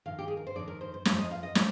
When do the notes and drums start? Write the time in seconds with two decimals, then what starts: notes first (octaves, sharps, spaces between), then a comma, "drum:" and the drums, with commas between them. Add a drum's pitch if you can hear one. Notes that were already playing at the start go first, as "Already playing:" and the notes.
0.06 F2 D#3 F5
0.19 G4
0.28 G#4
0.37 A#4
0.47 C5
0.55 F2 D#3 D5
0.68 A#4
0.81 C5
0.94 C5
1.05 F2 C3 F3 D5, drum: snare
1.18 D#5
1.31 F5
1.43 D#5
1.55 F3 D5, drum: snare